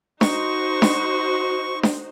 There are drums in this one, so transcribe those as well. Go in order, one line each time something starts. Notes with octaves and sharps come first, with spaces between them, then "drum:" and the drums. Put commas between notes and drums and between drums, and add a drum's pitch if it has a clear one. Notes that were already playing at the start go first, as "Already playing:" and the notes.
D#4 F#4 C5 C#6, drum: snare D4
drum: snare D4
drum: snare D4